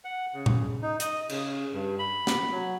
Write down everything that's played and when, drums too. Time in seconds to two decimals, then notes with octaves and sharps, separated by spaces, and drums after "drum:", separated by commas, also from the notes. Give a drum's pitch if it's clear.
0.04 F#5
0.34 C#3
0.46 drum: tom A2
0.82 D#4
1.00 D#5, drum: hi-hat
1.29 C#3, drum: cymbal
1.73 G2
1.99 B5
2.27 drum: snare
2.51 F#3